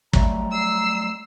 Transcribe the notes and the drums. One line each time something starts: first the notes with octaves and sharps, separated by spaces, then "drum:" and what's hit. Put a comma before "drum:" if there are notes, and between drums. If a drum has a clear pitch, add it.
F#3 G3 A3 A#5, drum: kick
E6 C7